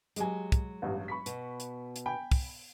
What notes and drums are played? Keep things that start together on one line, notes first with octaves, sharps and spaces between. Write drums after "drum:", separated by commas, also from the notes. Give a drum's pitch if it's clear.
F#3 G#3 G4 G#5, drum: hi-hat
drum: kick, hi-hat
A1 G2
B5 C#6 B6
B2, drum: hi-hat
drum: hi-hat
drum: hi-hat
G5 G#5 B5
drum: kick, open hi-hat